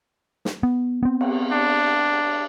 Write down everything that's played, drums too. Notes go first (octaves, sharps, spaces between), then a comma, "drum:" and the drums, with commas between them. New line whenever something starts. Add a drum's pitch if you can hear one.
drum: snare
B3
B3 C4
drum: cymbal
D4